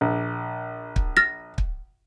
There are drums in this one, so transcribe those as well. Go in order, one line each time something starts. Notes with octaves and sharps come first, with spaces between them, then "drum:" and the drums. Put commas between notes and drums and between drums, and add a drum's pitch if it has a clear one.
A#1
drum: kick
F6 A6 A#6
drum: kick